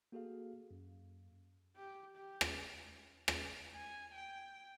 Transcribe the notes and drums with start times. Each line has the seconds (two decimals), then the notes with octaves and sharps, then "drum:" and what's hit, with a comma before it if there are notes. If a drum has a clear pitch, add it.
0.12 A#3 F#4 G#4 A4 F5
0.71 F#2
1.76 G4
2.15 G4
2.41 drum: rim click
3.28 drum: rim click
3.76 G#5
4.14 G5